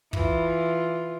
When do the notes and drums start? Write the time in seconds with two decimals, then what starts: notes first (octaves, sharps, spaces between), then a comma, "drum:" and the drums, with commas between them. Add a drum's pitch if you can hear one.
0.13 E3 F4, drum: kick